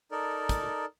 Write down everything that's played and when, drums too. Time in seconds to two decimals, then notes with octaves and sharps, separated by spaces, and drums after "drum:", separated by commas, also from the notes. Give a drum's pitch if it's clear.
0.11 D#4 A4 A#4 D5
0.49 drum: kick, hi-hat